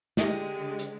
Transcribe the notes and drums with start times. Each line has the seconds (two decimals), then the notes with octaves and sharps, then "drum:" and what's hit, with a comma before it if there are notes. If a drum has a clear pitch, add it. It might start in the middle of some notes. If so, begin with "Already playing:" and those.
0.17 D3 G#3 G4 D#5, drum: snare
0.79 drum: hi-hat